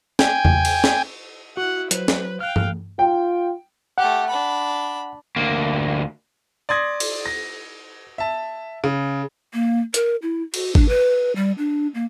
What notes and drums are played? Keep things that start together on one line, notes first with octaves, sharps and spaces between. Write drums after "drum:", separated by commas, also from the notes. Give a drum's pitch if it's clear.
G5 G#5, drum: snare
drum: tom E2
drum: cymbal
drum: snare
E4 F#4 F#5
F#3 B4 C5, drum: hi-hat
drum: snare
F5 G5 F6 F#6
drum: tom
F4 G5
A3 G4 F#5
D4 B5
D2 A#3
D5 C6 D#6 G#6 A#6
drum: cymbal
A#6
E5 A5
C#3
A#3
A#4, drum: hi-hat
E4
F#4, drum: cymbal
D4, drum: kick G#1
B4
G3
D4
A#3